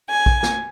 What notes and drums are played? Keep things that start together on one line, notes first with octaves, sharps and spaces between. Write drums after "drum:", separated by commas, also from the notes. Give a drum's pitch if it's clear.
G#5
drum: kick A#1
drum: snare